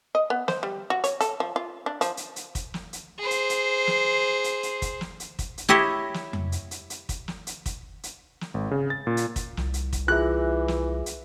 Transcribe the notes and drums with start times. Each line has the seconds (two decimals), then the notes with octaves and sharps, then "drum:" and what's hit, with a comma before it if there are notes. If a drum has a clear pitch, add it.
0.15 D#5
0.30 B3
0.48 C5, drum: snare
0.63 G3
0.90 F#4
1.04 C#5, drum: hi-hat
1.21 A4, drum: hi-hat
1.40 F3
1.56 F4
1.86 D4
2.01 F3, drum: hi-hat
2.17 drum: hi-hat
2.36 drum: hi-hat
2.55 drum: kick, hi-hat
2.74 drum: snare
2.93 drum: hi-hat
3.19 G#4 C5
3.31 drum: hi-hat
3.50 drum: hi-hat
3.87 drum: snare
4.44 drum: hi-hat
4.63 drum: hi-hat
4.82 drum: kick, hi-hat
5.01 drum: snare
5.20 drum: hi-hat
5.39 drum: kick, hi-hat
5.58 drum: hi-hat
5.69 E4 G4 C#5 D#5 E5
6.14 drum: snare
6.33 drum: tom F2
6.52 drum: hi-hat
6.71 drum: hi-hat
6.90 drum: hi-hat
7.09 drum: kick, hi-hat
7.28 drum: snare
7.47 drum: hi-hat
7.66 drum: kick, hi-hat
8.03 drum: hi-hat
8.41 drum: snare
8.54 G#1
8.71 C#3
8.90 A6
9.07 A#2
9.17 drum: hi-hat
9.36 drum: kick, hi-hat
9.57 C2, drum: snare
9.74 drum: hi-hat
9.93 drum: kick, hi-hat
10.08 E3 F4 G#4 E5 F#6
10.68 drum: snare
11.06 drum: hi-hat